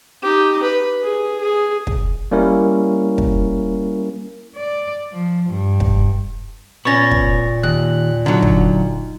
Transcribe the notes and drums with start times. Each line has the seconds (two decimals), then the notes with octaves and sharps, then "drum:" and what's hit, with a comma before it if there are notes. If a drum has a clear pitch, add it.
0.23 D#4 G4
0.62 B4
1.02 G#4
1.40 G#4
1.87 drum: kick
2.31 G3 A#3 C#4 E4 A#4 C#5
3.18 drum: kick
4.55 D5
5.13 F3
5.49 G2
5.80 drum: kick
6.85 A#2 B3 C#4 C#6 A6 A#6
7.11 drum: kick
7.63 D#2 F#6
8.26 D3 F#3 D#4
8.42 drum: kick